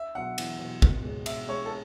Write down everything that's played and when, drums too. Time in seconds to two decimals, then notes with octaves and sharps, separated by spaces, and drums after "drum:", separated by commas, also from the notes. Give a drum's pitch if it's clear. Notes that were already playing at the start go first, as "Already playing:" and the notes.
Already playing: E5
0.15 B2 F#3 F#5
0.38 E2, drum: cymbal
0.59 B2 F#3
0.82 B2, drum: kick
1.03 G#3 C#4
1.26 B2 E5, drum: cymbal
1.48 G#3 C#4 C#5
1.66 A4